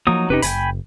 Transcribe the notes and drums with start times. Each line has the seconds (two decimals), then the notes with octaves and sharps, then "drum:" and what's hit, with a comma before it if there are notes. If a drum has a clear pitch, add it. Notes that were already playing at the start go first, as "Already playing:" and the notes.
0.07 F3 F#3 A#3 D#4 D#6
0.30 F1 C3 C#4 D#4 G4 B4
0.42 F#1 G5 G#5 B5, drum: hi-hat